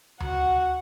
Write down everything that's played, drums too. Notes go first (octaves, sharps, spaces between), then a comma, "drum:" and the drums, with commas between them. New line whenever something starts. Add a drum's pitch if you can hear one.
F#4 F#5, drum: tom D2